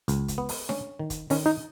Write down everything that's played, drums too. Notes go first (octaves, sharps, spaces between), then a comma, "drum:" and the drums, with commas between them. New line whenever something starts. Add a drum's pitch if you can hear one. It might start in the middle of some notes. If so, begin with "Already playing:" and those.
C#2, drum: hi-hat
drum: kick, hi-hat
B3
drum: open hi-hat
C#4, drum: snare D4
D#3
drum: kick, hi-hat
D#3 C#4, drum: open hi-hat
D#4